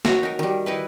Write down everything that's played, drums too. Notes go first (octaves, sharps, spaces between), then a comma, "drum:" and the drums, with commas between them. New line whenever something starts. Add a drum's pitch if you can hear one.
D#3 F#4 C#5, drum: snare
D#4 A#4
D#3 G3
D#4 E4 B4